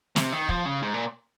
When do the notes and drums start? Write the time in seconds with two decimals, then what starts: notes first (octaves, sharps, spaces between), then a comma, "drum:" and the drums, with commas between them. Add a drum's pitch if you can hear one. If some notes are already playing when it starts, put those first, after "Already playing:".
0.16 C3, drum: snare
0.32 D#3
0.49 F3, drum: kick
0.66 C#3
0.82 G#2
0.94 A#2